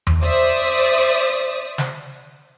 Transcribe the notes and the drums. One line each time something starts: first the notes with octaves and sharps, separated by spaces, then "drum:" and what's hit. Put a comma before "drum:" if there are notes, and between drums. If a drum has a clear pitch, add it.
drum: tom E2
C5 D5 E5 D#6, drum: hi-hat
drum: snare